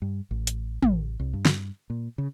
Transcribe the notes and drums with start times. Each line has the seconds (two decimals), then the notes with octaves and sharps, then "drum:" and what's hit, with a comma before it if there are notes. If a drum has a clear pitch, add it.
0.02 G2
0.31 A1
0.47 drum: hi-hat
0.83 A1, drum: tom
1.20 C2
1.33 G2
1.45 drum: snare
1.90 A#2
2.18 C#3